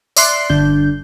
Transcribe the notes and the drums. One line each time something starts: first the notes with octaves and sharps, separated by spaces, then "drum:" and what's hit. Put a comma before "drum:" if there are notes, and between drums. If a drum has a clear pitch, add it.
D5 E5 C6 F#6, drum: tambourine
G1 D3 D4 G6